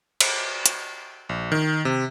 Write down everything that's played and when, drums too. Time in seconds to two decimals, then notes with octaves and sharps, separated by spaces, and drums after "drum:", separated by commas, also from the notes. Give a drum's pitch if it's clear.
0.21 drum: cymbal
0.66 drum: hi-hat
1.29 A#1
1.52 D#3
1.85 C3